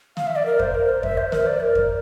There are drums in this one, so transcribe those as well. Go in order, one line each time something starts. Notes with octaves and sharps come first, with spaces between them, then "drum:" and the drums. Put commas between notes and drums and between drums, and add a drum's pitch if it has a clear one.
F5, drum: snare
E5
D5
A#4
C5, drum: kick F2
A#4
C5
E5, drum: kick F2
C5
A#4, drum: snare
D5
A#4
drum: kick F2